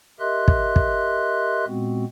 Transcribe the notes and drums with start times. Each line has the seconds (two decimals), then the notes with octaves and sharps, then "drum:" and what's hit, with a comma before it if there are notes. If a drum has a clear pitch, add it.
0.20 G4 A#4 D#5 E5 C6 F#6
0.48 drum: kick
0.76 drum: kick
1.67 A#2 G#3 B3 C4 F#4